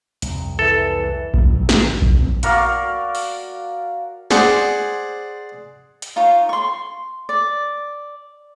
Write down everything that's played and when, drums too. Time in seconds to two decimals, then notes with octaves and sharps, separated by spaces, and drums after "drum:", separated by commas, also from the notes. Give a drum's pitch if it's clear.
0.22 C2 F2, drum: hi-hat
0.59 E3 A4
1.34 A1 F#2 F3 A#3, drum: kick A#1
1.52 B2 F#3
1.69 B1 G2 D#3, drum: snare
1.89 G1 C#2
2.02 F#3, drum: kick A#1
2.15 F#2 A#2 B3 C4
2.43 F#4 A#4 D5 F5, drum: hi-hat
3.15 drum: open hi-hat
4.31 G#4 C5 D5 F#5 G#5, drum: snare
6.02 drum: hi-hat
6.16 D#4 F4 C#5
6.49 C6 C#6
7.29 D5